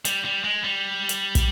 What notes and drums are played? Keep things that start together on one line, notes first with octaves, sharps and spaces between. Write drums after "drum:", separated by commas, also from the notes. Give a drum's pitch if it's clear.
G3, drum: hi-hat
G3
G#3
G3
drum: hi-hat
drum: kick, hi-hat